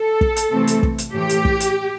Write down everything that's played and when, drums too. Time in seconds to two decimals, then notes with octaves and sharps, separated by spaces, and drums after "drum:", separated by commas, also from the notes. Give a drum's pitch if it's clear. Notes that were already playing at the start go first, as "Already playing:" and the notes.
Already playing: A4
0.21 drum: kick
0.36 drum: hi-hat
0.52 C3 E3 A3 C4
0.67 drum: hi-hat
0.83 drum: kick
0.98 drum: hi-hat
1.14 A2 E3 A3 G4
1.29 drum: hi-hat
1.45 drum: kick
1.60 drum: hi-hat